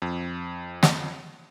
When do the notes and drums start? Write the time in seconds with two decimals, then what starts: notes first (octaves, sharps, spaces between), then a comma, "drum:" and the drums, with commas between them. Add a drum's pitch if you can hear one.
0.02 F2
0.83 drum: snare